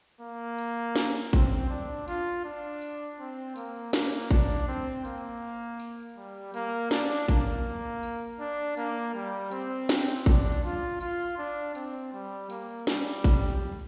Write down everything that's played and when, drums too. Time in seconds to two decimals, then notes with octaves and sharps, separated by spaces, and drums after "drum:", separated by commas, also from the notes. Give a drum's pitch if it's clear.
0.21 A#3
0.58 drum: tambourine
0.96 drum: snare
1.33 C4, drum: kick G#1, tambourine
1.70 D4
2.08 F4, drum: tambourine
2.45 D4
2.82 drum: tambourine
3.20 C4
3.56 A#3, drum: tambourine
3.93 A#3, drum: snare
4.31 D4, drum: kick G#1, tambourine
4.68 C4
5.05 A#3, drum: tambourine
5.80 drum: tambourine
6.17 G3
6.54 A#3, drum: tambourine
6.91 D4, drum: snare
7.28 A#3, drum: kick G#1, tambourine
8.03 drum: tambourine
8.40 D4
8.77 A#3, drum: tambourine
9.15 G3
9.51 C4, drum: tambourine
9.89 drum: snare
10.26 D4, drum: kick G#1, tambourine
10.64 F4
11.01 F4, drum: tambourine
11.38 D4
11.75 C4, drum: tambourine
12.13 G3
12.50 A#3, drum: tambourine
12.87 G3, drum: snare
13.24 drum: kick G#1, tambourine